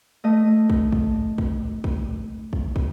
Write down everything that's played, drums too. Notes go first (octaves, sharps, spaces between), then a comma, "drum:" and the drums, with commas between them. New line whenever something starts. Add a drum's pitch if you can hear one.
A3 D#5
drum: kick
drum: kick
drum: kick
drum: kick
drum: kick
drum: kick